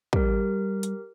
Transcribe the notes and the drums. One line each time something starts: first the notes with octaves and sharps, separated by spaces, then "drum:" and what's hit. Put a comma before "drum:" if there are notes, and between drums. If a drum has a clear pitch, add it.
G3 G4 A#4, drum: kick
drum: hi-hat